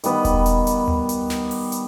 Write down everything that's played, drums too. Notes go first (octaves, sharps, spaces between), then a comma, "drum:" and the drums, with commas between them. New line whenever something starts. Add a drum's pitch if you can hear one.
D#3 G3 B3, drum: hi-hat
drum: kick E1, hi-hat
drum: hi-hat
drum: hi-hat
drum: tom D2
drum: hi-hat
drum: snare
drum: open hi-hat
drum: hi-hat